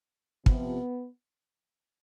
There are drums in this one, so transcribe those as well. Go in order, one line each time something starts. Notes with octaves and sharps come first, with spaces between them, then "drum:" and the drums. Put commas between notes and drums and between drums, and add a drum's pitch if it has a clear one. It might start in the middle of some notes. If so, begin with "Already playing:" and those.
C3 F3 B3, drum: kick